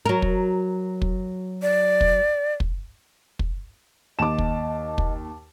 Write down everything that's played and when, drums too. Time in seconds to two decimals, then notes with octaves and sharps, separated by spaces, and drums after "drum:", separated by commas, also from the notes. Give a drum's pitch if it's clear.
0.06 F#3 A#4
0.22 drum: kick
1.02 drum: kick
1.62 D5
2.01 drum: kick
2.60 drum: kick
3.39 drum: kick
4.19 D#2 D#5 A5 D6 E7
4.38 drum: kick
4.98 drum: kick